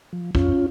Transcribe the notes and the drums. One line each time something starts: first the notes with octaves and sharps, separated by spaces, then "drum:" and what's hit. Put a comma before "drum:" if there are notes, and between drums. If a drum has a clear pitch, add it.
F3
F2 C#4 F4, drum: kick